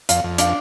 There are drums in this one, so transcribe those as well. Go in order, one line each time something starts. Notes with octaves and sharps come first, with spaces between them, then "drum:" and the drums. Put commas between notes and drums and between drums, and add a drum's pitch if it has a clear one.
F2 F5, drum: hi-hat
F2
D4 F5, drum: hi-hat